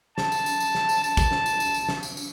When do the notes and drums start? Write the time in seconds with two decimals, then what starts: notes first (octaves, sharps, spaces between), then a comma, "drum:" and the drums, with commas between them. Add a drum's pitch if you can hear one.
0.18 A5, drum: snare
0.32 drum: tambourine
0.46 drum: tambourine
0.60 drum: tambourine
0.75 drum: snare
0.89 drum: tambourine
1.04 A5, drum: tambourine
1.17 drum: kick, tambourine
1.32 drum: snare
1.46 drum: tambourine
1.60 drum: tambourine
1.74 drum: tambourine
1.89 drum: snare
2.03 drum: tambourine
2.17 drum: tambourine